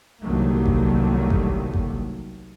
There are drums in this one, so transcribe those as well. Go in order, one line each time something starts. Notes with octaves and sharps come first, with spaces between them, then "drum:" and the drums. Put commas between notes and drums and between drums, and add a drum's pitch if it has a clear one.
C2 D3 D#3 F#3 A3 A#3
drum: kick G#1
drum: kick G#1
drum: kick G#1